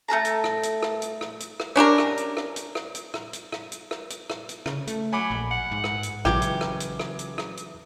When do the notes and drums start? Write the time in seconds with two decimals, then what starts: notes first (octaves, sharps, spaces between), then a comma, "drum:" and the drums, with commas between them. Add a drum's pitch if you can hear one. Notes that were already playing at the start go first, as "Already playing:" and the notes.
0.08 A3 F4 A5 A#5
0.25 drum: hi-hat
0.44 drum: rim click
0.63 drum: hi-hat
0.83 drum: rim click
1.02 drum: hi-hat
1.21 drum: rim click
1.40 drum: hi-hat
1.60 drum: rim click
1.76 C#4 D4 G4 A#4
1.98 drum: rim click
2.17 drum: hi-hat
2.37 drum: rim click
2.56 drum: hi-hat
2.75 drum: rim click
2.95 drum: hi-hat
3.14 drum: rim click
3.33 drum: hi-hat
3.52 drum: rim click
3.72 drum: hi-hat
3.91 drum: rim click
4.10 drum: hi-hat
4.30 drum: rim click
4.49 drum: hi-hat
4.66 C#3, drum: rim click
4.87 A3, drum: hi-hat
5.13 F#3 G#5 B5 D6
5.31 A#1
5.51 F#5
5.72 G#2
5.84 drum: rim click
6.03 drum: hi-hat
6.25 A#1 C#3 E3 F#3 G#3 G4 D6 G#6, drum: rim click
6.42 drum: hi-hat
6.61 drum: rim click
6.80 drum: hi-hat
7.00 drum: rim click
7.19 drum: hi-hat
7.38 drum: rim click
7.57 drum: hi-hat